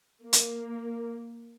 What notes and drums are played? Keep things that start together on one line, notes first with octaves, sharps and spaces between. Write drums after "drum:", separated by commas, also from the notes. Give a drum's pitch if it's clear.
A#3
drum: hi-hat